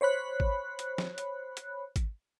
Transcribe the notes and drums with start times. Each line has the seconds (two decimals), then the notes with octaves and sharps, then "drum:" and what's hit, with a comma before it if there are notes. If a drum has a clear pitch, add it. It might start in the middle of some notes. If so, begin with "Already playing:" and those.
0.01 C5 C#5 B5 F#6
0.40 drum: kick G#1
0.79 drum: hi-hat
0.98 drum: snare
1.18 drum: hi-hat
1.57 drum: hi-hat
1.96 drum: kick G#1, hi-hat